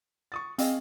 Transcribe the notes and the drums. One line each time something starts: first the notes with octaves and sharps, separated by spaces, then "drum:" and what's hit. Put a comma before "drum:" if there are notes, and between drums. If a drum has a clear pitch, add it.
C#6 D#6 A6
C4 G#4 D#5 F5, drum: hi-hat